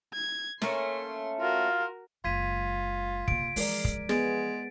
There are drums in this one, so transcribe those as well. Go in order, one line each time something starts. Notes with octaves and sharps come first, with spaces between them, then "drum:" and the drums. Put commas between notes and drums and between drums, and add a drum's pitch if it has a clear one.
G#6
A3 A#3 C#4 C6, drum: snare
F4 F#4 A#4
F#1 G#3 F4 G#6 B6 D#7
C3 A#3 D7, drum: kick
E3 F3 G#3 A#4 D5, drum: open hi-hat
drum: kick
G#3 B3 G#4 A6 D7, drum: snare